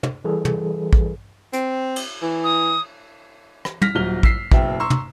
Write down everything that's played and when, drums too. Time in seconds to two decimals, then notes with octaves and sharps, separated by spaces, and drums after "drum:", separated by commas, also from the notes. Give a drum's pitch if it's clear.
0.03 drum: tom
0.24 E3 G3 G#4 A4 B4
0.45 drum: tom
0.93 drum: kick
1.53 C4, drum: hi-hat
1.96 drum: cymbal
2.22 E3
2.44 D#6
3.65 drum: rim click
3.82 F6 A#6 B6, drum: tom
3.95 D#1 F#3 F6 G7
4.23 E6 B6 C7, drum: kick
4.52 F#1 B2 E5 G5, drum: kick
4.80 A#5 C6 C#6 E6
4.90 drum: tom